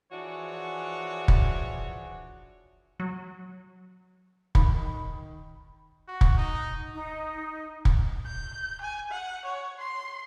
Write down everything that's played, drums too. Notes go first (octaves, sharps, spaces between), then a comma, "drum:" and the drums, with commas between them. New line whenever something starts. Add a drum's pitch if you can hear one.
E3 F3 D4 F#4 G#4 C#5
drum: kick
F#3
D#3 B5, drum: kick
F#4
drum: kick
D#4
D#4
drum: kick
G6
G#5
F#5
C#5
C6